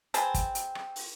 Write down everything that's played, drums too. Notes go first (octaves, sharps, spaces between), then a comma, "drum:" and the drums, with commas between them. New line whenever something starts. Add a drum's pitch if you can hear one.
C4 G#4 B4 A5, drum: hi-hat
drum: kick, hi-hat
drum: hi-hat
drum: rim click
drum: open hi-hat